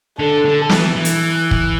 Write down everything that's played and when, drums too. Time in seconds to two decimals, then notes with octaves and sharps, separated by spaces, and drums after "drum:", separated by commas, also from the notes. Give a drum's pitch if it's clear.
0.19 D3 A4
0.45 D3
0.69 E3, drum: snare
0.96 E3
1.05 drum: hi-hat
1.51 drum: kick